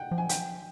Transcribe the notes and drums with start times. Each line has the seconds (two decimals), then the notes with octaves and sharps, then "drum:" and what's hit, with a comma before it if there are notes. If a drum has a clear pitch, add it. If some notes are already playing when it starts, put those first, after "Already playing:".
Already playing: F#5 G5
0.11 F3
0.18 G#5
0.29 G5, drum: hi-hat